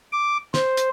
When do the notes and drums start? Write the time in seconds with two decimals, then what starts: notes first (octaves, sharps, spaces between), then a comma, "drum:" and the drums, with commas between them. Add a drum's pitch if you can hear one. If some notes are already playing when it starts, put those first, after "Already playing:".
0.12 D6
0.54 C5, drum: snare
0.77 drum: hi-hat